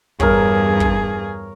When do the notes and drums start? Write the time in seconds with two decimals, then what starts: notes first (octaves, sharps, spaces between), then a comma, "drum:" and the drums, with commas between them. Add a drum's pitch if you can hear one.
0.20 E2 G2 G#4 A#4 C#5, drum: kick
0.80 drum: kick